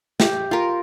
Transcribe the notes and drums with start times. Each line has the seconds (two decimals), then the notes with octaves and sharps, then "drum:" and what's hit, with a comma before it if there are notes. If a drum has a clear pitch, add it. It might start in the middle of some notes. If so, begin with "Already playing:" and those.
0.20 G4, drum: snare
0.51 F4 A#4